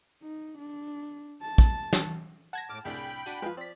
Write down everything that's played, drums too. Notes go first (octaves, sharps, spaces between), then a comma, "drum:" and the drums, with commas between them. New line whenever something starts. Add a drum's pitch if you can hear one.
D#4
D4
A5
drum: kick
drum: snare
F#5 A5 G#6 A#6
A2 D6 F6
C2 A2 D4 G#4 G5 B5
D4 F#4 D#7
F3 G#3 F4 B4
C4 D5 B6